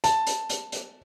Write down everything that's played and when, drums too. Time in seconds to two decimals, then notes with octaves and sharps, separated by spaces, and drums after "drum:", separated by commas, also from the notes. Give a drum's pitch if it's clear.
0.04 A5, drum: hi-hat
0.27 drum: hi-hat
0.49 drum: hi-hat
0.72 drum: hi-hat